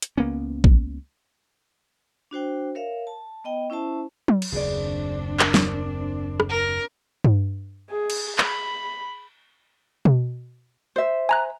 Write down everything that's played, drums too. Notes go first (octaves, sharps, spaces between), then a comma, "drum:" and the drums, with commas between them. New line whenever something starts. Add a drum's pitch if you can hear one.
drum: hi-hat
C#2 A#3 B3 C#4
drum: kick A#1
D4 F#4 C5 G5
A#4 C#5 E5 F5
A5
B3 D#5 G5
C#4 E4 C5 E5 A5
drum: tom F#3
drum: cymbal
F#1 D#2 C4 D4 G#4 B4 D5
A#4, drum: clap
drum: snare
drum: rim click
A#4
drum: tom G2
G#4
drum: cymbal
B5, drum: clap
drum: tom B2
C5 E5
G#5 A#5 F#6